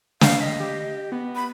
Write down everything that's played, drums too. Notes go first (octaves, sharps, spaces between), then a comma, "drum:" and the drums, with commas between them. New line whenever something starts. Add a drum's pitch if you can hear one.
F5, drum: snare
D#5 B6
G4
B3
B5